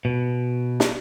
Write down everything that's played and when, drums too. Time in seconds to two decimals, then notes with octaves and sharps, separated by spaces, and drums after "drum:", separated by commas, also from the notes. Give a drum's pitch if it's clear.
0.05 B2
0.80 drum: snare